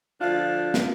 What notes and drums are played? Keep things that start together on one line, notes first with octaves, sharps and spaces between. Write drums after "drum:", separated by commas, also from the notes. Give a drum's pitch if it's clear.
D2 F3 D4 F4
drum: snare